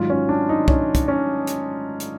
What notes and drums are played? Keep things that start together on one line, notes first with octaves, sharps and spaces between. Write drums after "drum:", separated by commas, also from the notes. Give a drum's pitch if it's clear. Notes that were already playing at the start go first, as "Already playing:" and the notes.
Already playing: G#1 G#2 D#3 F#3 F4
C#4
D4
D#4
C#4, drum: kick
drum: kick, hi-hat
C#4
drum: hi-hat
drum: hi-hat